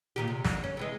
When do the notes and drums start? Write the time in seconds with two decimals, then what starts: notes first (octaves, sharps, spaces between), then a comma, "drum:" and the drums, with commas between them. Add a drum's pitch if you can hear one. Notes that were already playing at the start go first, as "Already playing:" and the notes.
0.16 A#2 D#3 G4
0.27 C3
0.44 D#2 D3, drum: snare
0.64 C#4
0.77 C3 E3 G#3